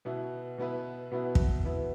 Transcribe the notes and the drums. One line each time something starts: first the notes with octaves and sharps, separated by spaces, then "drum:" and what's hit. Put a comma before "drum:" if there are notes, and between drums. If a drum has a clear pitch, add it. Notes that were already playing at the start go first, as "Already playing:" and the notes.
B2 B3 E4 B4
B2 B3 E4 B4
B2 B3 E4 B4
drum: kick
B2 B3 E4 B4